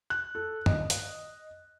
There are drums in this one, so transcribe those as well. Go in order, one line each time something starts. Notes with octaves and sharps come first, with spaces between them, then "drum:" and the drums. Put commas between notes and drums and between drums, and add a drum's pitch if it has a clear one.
F#6
A4
D#5, drum: tom
drum: hi-hat